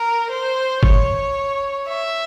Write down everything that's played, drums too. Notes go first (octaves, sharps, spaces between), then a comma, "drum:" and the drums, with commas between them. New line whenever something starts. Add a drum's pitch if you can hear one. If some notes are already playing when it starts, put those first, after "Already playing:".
Already playing: A#4
C5
C#5, drum: kick G1
E5